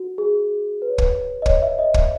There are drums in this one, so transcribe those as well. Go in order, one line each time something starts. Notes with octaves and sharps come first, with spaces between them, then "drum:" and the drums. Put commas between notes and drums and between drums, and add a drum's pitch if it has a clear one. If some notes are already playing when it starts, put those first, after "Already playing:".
Already playing: F#4
G#4
B4
C#5
B4, drum: kick
D#5
C#5, drum: kick
E5
D#5
drum: kick